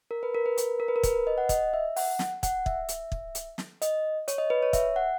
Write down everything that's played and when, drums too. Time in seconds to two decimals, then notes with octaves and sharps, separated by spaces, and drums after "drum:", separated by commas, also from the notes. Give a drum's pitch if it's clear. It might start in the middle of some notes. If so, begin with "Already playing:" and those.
0.11 A#4
0.23 B4
0.35 A#4
0.46 B4
0.58 A#4, drum: hi-hat
0.80 A#4
0.88 B4
0.96 A#4
1.03 B4, drum: kick, hi-hat
1.15 B4
1.27 D#5
1.38 F#5
1.49 D#5, drum: kick, hi-hat
1.73 E5
1.96 F#5, drum: open hi-hat
2.19 drum: snare
2.43 F#5, drum: kick, hi-hat
2.66 E5, drum: kick
2.88 drum: hi-hat
3.12 drum: kick
3.35 drum: hi-hat
3.58 drum: snare
3.82 D#5, drum: hi-hat
4.28 C#5, drum: hi-hat
4.38 D#5
4.50 B4
4.63 C#5
4.73 E5, drum: kick, hi-hat
4.96 F#5